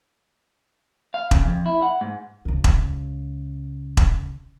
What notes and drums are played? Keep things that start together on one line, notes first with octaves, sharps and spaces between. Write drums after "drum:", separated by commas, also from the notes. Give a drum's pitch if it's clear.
F5
C#3, drum: kick E1
F2
E4
F#5
G#2
C#2 C#3
drum: kick E1
drum: kick E1